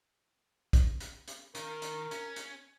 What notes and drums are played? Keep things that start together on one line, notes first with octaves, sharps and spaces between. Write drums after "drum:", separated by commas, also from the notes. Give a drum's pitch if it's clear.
drum: kick, hi-hat
drum: hi-hat
drum: hi-hat
D#3 A#4, drum: hi-hat
drum: hi-hat
C#4, drum: hi-hat
drum: hi-hat